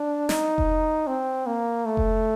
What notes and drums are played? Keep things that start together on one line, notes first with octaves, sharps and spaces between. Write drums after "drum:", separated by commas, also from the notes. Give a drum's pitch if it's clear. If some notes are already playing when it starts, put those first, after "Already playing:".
Already playing: D4
D#4, drum: snare
drum: kick F1
C4
A#3
A3
drum: kick F1